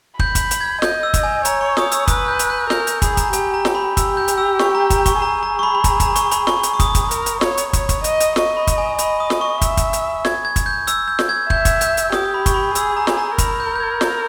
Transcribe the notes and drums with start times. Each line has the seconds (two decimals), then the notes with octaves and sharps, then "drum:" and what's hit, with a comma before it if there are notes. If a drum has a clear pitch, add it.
0.19 B5 G6, drum: kick
0.35 drum: kick, hi-hat
0.51 drum: hi-hat
0.61 G#6
0.82 D#5 G6, drum: snare
1.03 E6
1.14 drum: kick, hi-hat
1.23 G#5
1.45 C#5 A#5, drum: hi-hat
1.61 C#6
1.77 D#6, drum: snare
1.92 E6, drum: hi-hat
2.07 B4 D#6, drum: kick, hi-hat
2.28 G6
2.39 drum: hi-hat
2.50 G6
2.70 A#4 G6, drum: snare
2.87 G6, drum: hi-hat
3.02 G#4 B5, drum: kick, hi-hat
3.17 A#5, drum: kick, hi-hat
3.33 G4 G#5, drum: hi-hat
3.54 A#5
3.65 drum: snare
3.75 B5
3.97 G4 E6, drum: kick, hi-hat
4.17 G6
4.28 drum: hi-hat
4.38 E6
4.59 C#6, drum: snare
4.75 A#5
4.90 A#5, drum: kick, hi-hat
5.06 C#6, drum: kick, hi-hat
5.22 G#4 A#5
5.43 A#5
5.59 C#6
5.63 B5
5.75 B5
5.84 A#5, drum: kick, hi-hat
6.00 A#5, drum: kick, hi-hat
6.15 C#6, drum: hi-hat
6.31 B5, drum: hi-hat
6.47 C#6, drum: snare
6.63 drum: hi-hat
6.74 C#6
6.80 D#6, drum: kick, hi-hat
6.95 drum: kick, hi-hat
7.11 A#4, drum: hi-hat
7.26 drum: hi-hat
7.41 C#5, drum: snare
7.57 drum: hi-hat
7.73 C#5, drum: kick, hi-hat
7.89 drum: kick, hi-hat
8.04 D#5, drum: hi-hat
8.20 drum: hi-hat
8.36 D#5 C#6, drum: snare
8.57 B5
8.67 drum: kick, hi-hat
8.78 G#5
8.98 D#5 B5, drum: hi-hat
9.20 D#6
9.30 drum: snare
9.41 C#6
9.61 E5, drum: kick, hi-hat
9.77 drum: kick, hi-hat
9.93 drum: hi-hat
10.25 G#6, drum: snare
10.45 G#6
10.56 drum: kick, hi-hat
10.66 G6
10.87 E6, drum: hi-hat
11.08 G6
11.19 drum: snare
11.29 G#6
11.50 E5 G6, drum: kick
11.65 G#6, drum: kick, hi-hat
11.81 G6, drum: hi-hat
11.97 drum: hi-hat
12.12 G4 D#6, drum: snare
12.34 B5
12.46 C#6, drum: kick, hi-hat
12.54 B5
12.75 G#4 E6, drum: hi-hat
12.97 A#5
13.07 drum: snare
13.18 A#5
13.38 A#4 B5, drum: kick, hi-hat
13.60 G6
13.75 G6
13.80 G#6
14.01 G6, drum: snare